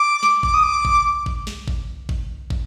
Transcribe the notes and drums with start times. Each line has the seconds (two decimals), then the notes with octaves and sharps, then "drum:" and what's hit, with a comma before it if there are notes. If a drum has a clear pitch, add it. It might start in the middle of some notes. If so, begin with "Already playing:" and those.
Already playing: D6
0.23 drum: snare
0.43 D6, drum: kick
0.54 D#6
0.63 D6
0.85 drum: kick
1.26 drum: kick
1.47 drum: snare
1.68 drum: kick
2.09 drum: kick
2.50 drum: kick